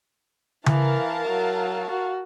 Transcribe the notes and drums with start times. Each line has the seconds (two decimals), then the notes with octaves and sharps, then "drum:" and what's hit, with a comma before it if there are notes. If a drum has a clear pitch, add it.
0.66 E3 A#4 F5 A5, drum: tom C#3
1.29 F#3
1.90 F#4